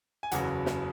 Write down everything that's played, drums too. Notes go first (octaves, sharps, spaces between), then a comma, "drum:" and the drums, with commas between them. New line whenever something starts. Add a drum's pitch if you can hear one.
G#5
F#1 E2 C#3 F#3 F#5, drum: hi-hat
drum: snare